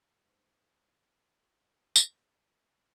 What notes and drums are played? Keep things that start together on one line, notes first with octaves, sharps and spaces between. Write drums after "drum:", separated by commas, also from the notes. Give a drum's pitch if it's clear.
G#3 C4 D#4 B4 C5
drum: tambourine